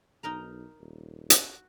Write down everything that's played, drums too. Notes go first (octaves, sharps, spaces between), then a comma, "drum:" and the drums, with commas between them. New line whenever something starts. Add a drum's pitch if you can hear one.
B1 D#4 A#4 A#5
D#1
F#4, drum: hi-hat